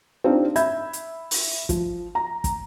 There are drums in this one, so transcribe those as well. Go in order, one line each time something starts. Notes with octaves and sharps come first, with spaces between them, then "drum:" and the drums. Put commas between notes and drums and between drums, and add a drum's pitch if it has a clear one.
C4 D4 D#4 F4 G4
E5 B5 G6 G#6, drum: hi-hat
drum: hi-hat
drum: open hi-hat
F3, drum: kick, hi-hat
A#5
drum: kick, hi-hat